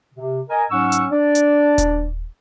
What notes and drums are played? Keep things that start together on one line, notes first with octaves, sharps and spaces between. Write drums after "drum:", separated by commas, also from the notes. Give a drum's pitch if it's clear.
C3
A#4 D#5 G#5
G#2 F#3 C#4 F#5 C#6 E6
drum: hi-hat
D4 D5
drum: hi-hat
drum: kick D#1, hi-hat